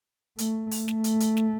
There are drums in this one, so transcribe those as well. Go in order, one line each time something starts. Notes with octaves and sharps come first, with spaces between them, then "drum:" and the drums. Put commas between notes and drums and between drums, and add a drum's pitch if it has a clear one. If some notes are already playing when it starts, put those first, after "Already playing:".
A3, drum: hi-hat
drum: open hi-hat
A3, drum: snare
drum: hi-hat
drum: hi-hat
drum: snare